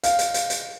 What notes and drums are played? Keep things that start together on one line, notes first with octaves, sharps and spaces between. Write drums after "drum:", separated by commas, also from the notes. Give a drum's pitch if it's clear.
F5, drum: hi-hat
drum: hi-hat
drum: hi-hat
drum: hi-hat